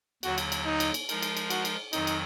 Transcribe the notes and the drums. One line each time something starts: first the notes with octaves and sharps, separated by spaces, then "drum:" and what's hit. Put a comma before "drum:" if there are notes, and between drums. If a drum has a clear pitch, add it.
D#2 D3 F#3 F#4, drum: cymbal
drum: cymbal
drum: cymbal
D#4
drum: cymbal
drum: cymbal
F3 G#3 D#4 A#4, drum: cymbal
drum: cymbal
drum: cymbal
F#4, drum: cymbal
drum: cymbal
F2 D#3 F#3 D#4, drum: cymbal
drum: cymbal